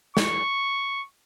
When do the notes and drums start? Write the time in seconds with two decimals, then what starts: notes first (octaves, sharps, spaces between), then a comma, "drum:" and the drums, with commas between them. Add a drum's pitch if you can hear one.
0.17 C#6, drum: snare